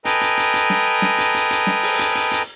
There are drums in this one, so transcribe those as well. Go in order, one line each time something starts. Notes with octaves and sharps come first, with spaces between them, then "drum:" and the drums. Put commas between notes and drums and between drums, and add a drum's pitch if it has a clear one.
A4 B4 D#5 G5 G#5 A#5, drum: hi-hat
drum: hi-hat
drum: hi-hat
drum: hi-hat
drum: snare
drum: snare
drum: hi-hat
drum: hi-hat
drum: hi-hat
drum: snare
drum: open hi-hat
drum: hi-hat
drum: hi-hat
drum: hi-hat